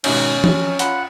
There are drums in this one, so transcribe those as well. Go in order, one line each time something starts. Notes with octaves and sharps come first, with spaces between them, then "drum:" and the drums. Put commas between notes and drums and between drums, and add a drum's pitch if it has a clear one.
G#2 B2 D#3 C#4, drum: cymbal
F3 C4, drum: tom
F4 F#5 B5, drum: hi-hat